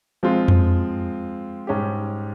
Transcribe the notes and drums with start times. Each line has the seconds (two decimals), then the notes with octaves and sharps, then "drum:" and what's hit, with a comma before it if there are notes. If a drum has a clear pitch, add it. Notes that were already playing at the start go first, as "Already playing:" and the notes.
0.23 F3 G#3 C4 F4
0.48 drum: tom F2
1.67 G#2 G3 C#4 G4